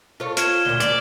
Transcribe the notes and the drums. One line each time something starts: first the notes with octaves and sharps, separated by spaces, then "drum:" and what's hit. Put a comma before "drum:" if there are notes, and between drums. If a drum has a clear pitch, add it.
F4 A4 C#5
F6 G#6 E7, drum: hi-hat
D2 A#2 G7
D5, drum: hi-hat